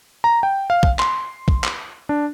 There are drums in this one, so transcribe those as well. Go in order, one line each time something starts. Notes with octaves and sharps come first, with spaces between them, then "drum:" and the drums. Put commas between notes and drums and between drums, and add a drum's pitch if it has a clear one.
A#5
G5
F5
drum: kick
C6, drum: clap
drum: kick
drum: clap
D4